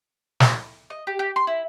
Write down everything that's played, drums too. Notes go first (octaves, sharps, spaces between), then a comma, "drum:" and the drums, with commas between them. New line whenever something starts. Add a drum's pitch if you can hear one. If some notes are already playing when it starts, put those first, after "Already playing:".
drum: snare
D#5
G4
G4
C6
E4